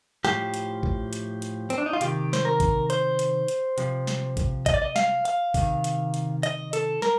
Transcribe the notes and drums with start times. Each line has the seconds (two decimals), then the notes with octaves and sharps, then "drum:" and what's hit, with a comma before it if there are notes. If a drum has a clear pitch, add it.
0.25 A2 F3 G4, drum: snare
0.54 drum: hi-hat
0.83 drum: kick A1
1.13 drum: hi-hat
1.42 drum: hi-hat
1.70 C4, drum: hi-hat
1.78 D4
1.86 D#4
1.93 F4
2.01 C3 D#3 G4, drum: hi-hat
2.33 C5, drum: snare
2.45 A#4
2.60 drum: kick A1, hi-hat
2.90 C5, drum: hi-hat
3.19 drum: hi-hat
3.48 drum: hi-hat
3.78 C3 F3, drum: hi-hat
4.07 drum: snare
4.37 drum: kick A1, hi-hat
4.66 D#5, drum: kick A1, hi-hat
4.74 D5
4.82 D#5
4.96 F5, drum: snare
5.25 F5, drum: hi-hat
5.54 C3 D#3, drum: kick A1, open hi-hat
5.84 drum: hi-hat
6.14 drum: hi-hat
6.43 D#5, drum: hi-hat
6.73 A4, drum: hi-hat
7.02 A#4, drum: snare